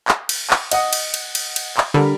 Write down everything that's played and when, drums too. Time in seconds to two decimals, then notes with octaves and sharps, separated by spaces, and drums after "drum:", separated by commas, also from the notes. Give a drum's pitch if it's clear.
0.08 drum: clap
0.29 drum: cymbal
0.50 drum: clap
0.71 D#5 F#5 D#6, drum: cymbal
0.93 drum: cymbal
1.14 drum: cymbal
1.35 drum: cymbal
1.56 drum: cymbal
1.77 drum: clap
1.94 D3 G3 A#4 B5